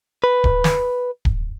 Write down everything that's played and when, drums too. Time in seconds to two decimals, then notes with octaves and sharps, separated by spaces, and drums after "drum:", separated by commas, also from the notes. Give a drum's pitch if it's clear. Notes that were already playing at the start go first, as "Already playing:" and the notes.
0.24 B4
0.44 drum: kick D1
0.64 drum: snare
1.25 drum: kick D1